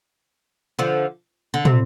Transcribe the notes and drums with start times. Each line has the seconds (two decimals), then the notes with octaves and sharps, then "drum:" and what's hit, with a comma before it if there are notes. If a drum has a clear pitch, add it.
0.79 D3 F3
1.54 D3
1.65 C3, drum: tom